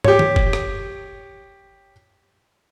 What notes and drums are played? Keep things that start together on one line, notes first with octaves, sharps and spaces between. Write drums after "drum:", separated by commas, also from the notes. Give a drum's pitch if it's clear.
G4 C#5, drum: tom
drum: tom
drum: kick
drum: rim click